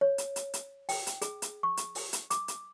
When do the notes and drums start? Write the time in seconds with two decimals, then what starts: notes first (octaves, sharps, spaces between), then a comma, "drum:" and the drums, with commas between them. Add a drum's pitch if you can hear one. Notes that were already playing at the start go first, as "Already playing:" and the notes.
0.01 C#5
0.18 drum: hi-hat
0.36 drum: hi-hat
0.54 drum: hi-hat
0.89 G5, drum: open hi-hat
1.07 drum: hi-hat
1.21 G#4, drum: hi-hat
1.42 drum: hi-hat
1.63 C#6
1.77 drum: hi-hat
1.95 drum: open hi-hat
2.13 drum: hi-hat
2.30 D6, drum: hi-hat
2.48 drum: hi-hat